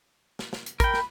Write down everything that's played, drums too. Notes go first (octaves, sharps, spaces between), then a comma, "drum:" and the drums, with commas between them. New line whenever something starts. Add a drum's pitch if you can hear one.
drum: snare
drum: snare
drum: hi-hat
A#4 G5 B5, drum: kick, hi-hat
drum: snare